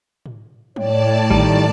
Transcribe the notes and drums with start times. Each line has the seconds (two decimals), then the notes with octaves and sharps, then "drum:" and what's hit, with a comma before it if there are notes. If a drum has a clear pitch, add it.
0.26 drum: tom
0.76 A2 C#5 D5 G5 A5, drum: tom
1.31 D#3 G3, drum: kick A1